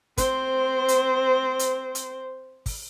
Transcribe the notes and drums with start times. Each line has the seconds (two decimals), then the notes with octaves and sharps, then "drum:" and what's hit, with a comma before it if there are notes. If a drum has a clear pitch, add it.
0.18 C4 C5, drum: kick, hi-hat
0.88 drum: hi-hat
1.59 drum: hi-hat
1.95 drum: hi-hat
2.66 drum: kick, open hi-hat